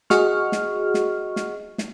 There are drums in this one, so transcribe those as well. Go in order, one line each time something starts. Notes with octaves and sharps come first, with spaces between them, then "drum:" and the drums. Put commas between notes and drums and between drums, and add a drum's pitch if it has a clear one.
F#4 G#4 D#5 F#5 C#6 F6, drum: snare
drum: snare
drum: snare
drum: snare
drum: snare